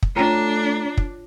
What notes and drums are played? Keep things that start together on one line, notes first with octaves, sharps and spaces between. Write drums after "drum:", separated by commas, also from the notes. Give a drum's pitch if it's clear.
drum: kick
A3 D4 F4 C#5 G5 A#5
drum: kick